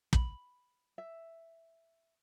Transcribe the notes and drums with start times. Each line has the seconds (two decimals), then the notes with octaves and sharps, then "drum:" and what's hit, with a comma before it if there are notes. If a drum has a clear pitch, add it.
0.13 B5, drum: kick
0.98 E5